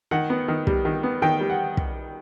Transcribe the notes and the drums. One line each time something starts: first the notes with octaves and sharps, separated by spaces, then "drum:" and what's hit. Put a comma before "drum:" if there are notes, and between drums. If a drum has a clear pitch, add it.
D#3 F#5
B3
D#3
G3, drum: kick
D#3
B3
D#3 G5
G3
F#5
drum: kick